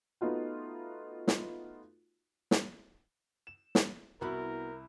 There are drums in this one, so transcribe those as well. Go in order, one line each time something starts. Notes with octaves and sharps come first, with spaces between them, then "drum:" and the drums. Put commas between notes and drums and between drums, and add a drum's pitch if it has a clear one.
A3 B3 D#4 F4 F#4
drum: snare
drum: snare
E7
drum: snare
C2 B3 E4 F#4 A#4 B5